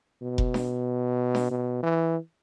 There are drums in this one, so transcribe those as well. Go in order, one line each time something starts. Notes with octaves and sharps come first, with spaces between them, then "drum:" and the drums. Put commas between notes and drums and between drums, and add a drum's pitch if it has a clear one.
B2
drum: kick F1
drum: snare D4
drum: snare D4
B2
E3